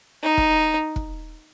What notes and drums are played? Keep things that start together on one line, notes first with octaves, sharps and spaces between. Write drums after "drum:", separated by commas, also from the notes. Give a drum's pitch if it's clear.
D#4
drum: kick
drum: kick